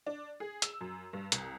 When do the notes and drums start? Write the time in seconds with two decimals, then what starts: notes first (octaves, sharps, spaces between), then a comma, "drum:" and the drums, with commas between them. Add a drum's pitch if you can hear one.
0.07 D4
0.40 G#4
0.62 E6, drum: hi-hat
0.81 F#2
1.13 G2
1.32 C2, drum: hi-hat